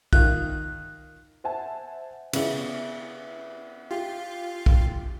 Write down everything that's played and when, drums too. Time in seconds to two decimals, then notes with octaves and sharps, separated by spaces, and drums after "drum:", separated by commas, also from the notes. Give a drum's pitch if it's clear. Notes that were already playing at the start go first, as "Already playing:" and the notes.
0.13 D#3 F4 F#6, drum: kick B1
1.44 C5 E5 F#5 G#5 A5
2.33 C#3 B3 E4 D5, drum: cymbal
3.91 F4 G4
4.66 drum: kick B1